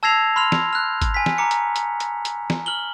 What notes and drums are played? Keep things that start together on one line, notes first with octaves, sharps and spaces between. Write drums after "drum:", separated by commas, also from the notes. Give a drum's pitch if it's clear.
A5 E6 G#6 A#6 C7 F7
B5 C6 F6 F7
drum: snare
F6 F#6
drum: kick G#1, hi-hat
G#5 B6
drum: snare
A#5 D6 C#7
drum: hi-hat
drum: hi-hat
drum: hi-hat
drum: hi-hat
drum: snare
F6 F#7 G7